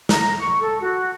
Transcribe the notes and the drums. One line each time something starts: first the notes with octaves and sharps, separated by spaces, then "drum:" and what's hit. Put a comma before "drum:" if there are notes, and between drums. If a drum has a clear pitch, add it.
A#5, drum: snare
C#6
A4
F#4